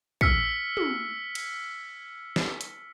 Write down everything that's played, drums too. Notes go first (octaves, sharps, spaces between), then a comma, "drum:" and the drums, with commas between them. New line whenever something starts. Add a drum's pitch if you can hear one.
E6 F6 B6 C#7, drum: kick
drum: tom
drum: cymbal
drum: snare
drum: hi-hat